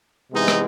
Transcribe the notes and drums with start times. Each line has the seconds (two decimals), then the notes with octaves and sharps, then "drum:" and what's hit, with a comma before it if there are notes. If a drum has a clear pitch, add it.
0.32 C3 E3 G#3 B3 D#4
0.48 drum: rim click